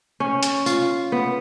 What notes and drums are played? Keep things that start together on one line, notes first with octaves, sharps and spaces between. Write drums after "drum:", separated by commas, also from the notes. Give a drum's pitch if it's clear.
C#4
drum: hi-hat
F4, drum: tambourine
B3